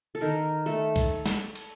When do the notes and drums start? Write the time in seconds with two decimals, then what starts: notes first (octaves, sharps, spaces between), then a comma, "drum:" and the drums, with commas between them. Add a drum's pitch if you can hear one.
0.15 A4
0.21 D#3 A#4
0.66 A3 A4
0.96 drum: kick B1, cymbal
1.26 drum: snare
1.55 drum: cymbal